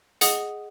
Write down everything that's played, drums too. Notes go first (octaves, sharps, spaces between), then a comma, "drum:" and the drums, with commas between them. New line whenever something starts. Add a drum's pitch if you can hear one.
G#4 D#5 F#5 D#6, drum: hi-hat